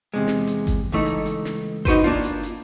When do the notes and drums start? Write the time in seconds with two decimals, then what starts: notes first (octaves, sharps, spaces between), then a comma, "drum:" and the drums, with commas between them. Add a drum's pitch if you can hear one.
0.14 E2 C3 G#3
0.28 drum: snare
0.47 drum: hi-hat
0.67 drum: kick G1, hi-hat
0.92 C#2 E3 A3 D#4
1.06 drum: hi-hat
1.26 drum: hi-hat
1.45 drum: snare
1.85 D#4 F#4 B4 C5, drum: kick G1, hi-hat
2.04 A#3 D4 F4, drum: open hi-hat
2.24 drum: hi-hat
2.43 drum: hi-hat